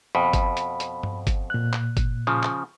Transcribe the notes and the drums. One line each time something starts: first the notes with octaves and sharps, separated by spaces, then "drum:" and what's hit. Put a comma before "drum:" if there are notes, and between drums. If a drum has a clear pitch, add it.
F2 B2 B5
drum: kick G1, hi-hat
drum: hi-hat
drum: hi-hat
drum: tom G2
drum: kick G1, hi-hat
A#2 F#6
drum: clap
drum: kick G1, hi-hat
C#3 F3
drum: clap